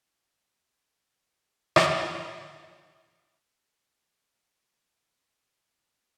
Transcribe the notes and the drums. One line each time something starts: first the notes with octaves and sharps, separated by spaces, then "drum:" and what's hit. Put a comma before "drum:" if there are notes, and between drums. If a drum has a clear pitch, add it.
F2 C#3
drum: rim click
G4
D#5
A#4
D#6
G#5